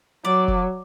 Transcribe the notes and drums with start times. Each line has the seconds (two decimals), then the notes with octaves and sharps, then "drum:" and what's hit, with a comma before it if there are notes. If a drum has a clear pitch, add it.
0.25 F#3 D5
0.48 drum: kick F1